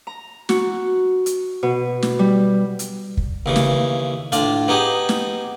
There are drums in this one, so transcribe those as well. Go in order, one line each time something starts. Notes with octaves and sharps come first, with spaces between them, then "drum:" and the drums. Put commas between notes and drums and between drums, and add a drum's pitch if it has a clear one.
A#5
F#4, drum: snare
drum: hi-hat
B2
drum: snare
G3
drum: hi-hat
drum: kick
D#2 C#3 E3
drum: snare
A2 D4 F4, drum: hi-hat
B3 D#4 G4 G#4
drum: snare